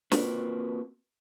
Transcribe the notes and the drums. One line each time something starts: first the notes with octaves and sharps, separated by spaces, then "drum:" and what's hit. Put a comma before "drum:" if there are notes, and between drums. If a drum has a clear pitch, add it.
A#3 C4 F4 F#4 A#4 B4, drum: snare